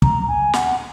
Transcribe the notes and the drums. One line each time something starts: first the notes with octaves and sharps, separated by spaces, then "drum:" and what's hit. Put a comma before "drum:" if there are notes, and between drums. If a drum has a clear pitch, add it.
A#5, drum: kick
G#5
F#5, drum: snare